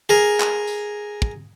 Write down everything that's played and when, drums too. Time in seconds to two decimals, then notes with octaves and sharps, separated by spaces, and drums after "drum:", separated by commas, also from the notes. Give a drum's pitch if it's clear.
0.09 G#4 A#4
0.40 drum: clap
0.67 drum: tambourine
1.22 drum: kick